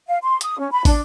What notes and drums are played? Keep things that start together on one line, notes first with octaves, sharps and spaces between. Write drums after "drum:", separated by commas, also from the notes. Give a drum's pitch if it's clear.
F5
C6
D#6, drum: hi-hat
C#4
B5
D4, drum: kick, open hi-hat